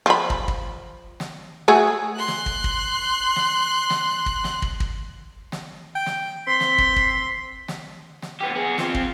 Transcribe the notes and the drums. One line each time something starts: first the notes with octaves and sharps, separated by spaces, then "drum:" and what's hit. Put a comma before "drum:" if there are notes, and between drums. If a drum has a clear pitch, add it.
F3 B5
drum: kick
drum: kick
drum: snare
A3 F#4 G#4
C6 F#6
drum: snare
drum: kick
drum: kick
drum: snare
drum: snare
drum: kick
drum: snare
drum: kick
drum: kick
drum: snare
G5
drum: snare
C4 C6 B6
drum: snare
drum: kick
drum: kick
drum: snare
drum: snare
B3 G4
B3 G#4
C4 F4, drum: snare
drum: kick